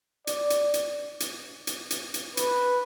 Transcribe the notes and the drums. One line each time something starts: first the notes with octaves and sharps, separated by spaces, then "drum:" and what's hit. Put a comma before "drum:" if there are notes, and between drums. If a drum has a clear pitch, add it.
D5, drum: hi-hat
drum: hi-hat
drum: hi-hat
drum: hi-hat
drum: hi-hat
drum: hi-hat
drum: hi-hat
B4, drum: hi-hat